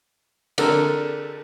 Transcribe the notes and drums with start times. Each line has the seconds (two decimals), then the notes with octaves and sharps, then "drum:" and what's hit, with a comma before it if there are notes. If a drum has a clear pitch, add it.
0.58 D3 D4 A4 A#4, drum: cymbal